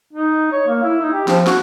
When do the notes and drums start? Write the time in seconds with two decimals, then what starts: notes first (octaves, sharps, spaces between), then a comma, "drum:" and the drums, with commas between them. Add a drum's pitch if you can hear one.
0.13 D#4
0.52 C#5
0.67 A#3
0.83 E4
1.02 D#4
1.13 G4
1.28 F3, drum: snare
1.47 F#4, drum: snare